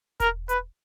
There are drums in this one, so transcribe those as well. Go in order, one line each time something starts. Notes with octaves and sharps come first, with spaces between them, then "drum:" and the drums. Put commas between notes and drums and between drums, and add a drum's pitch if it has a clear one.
A#4, drum: kick E1, hi-hat
B4, drum: hi-hat